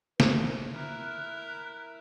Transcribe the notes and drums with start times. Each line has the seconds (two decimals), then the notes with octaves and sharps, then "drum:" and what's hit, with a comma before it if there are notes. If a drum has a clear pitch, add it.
0.20 F4 B4, drum: snare
0.72 E4 A#4 F6 F#6